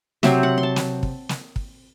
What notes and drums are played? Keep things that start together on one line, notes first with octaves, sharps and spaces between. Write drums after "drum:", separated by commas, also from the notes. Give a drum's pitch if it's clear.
C3 F#3 C4 E5, drum: snare
F#5
C6
A5
drum: snare
drum: kick
drum: snare
drum: kick